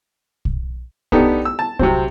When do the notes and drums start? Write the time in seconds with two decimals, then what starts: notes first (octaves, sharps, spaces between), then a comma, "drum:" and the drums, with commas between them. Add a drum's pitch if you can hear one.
0.45 drum: kick
1.12 B3 D4 D#4 G4 A4, drum: kick
1.45 E6
1.59 A5
1.79 C3 F#3 C4, drum: kick